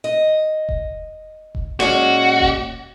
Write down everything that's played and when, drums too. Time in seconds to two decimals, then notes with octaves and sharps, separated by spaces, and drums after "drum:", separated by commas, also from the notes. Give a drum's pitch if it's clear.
0.04 D#5
0.69 drum: kick E1
1.55 drum: kick E1
1.80 A#2 G#3 C#4 F#4
2.41 drum: kick E1